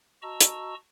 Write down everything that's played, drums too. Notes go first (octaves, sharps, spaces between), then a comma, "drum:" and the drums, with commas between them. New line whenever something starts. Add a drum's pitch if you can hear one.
F#4 D#5 A5 A#5 C#6 E6
drum: hi-hat